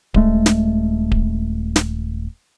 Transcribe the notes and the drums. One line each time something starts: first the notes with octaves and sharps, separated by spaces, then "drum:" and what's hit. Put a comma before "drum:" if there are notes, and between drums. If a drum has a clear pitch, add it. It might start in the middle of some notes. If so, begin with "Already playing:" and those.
D#1 G#3 A3, drum: kick D1
drum: snare
drum: kick D1
drum: snare